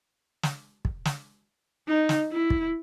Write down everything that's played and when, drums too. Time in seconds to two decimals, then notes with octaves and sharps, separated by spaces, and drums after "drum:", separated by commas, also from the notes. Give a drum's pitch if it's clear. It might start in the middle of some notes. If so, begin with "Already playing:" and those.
0.43 drum: snare
0.85 drum: kick
1.05 drum: snare
1.88 D#4
2.09 drum: snare
2.32 E4
2.50 drum: kick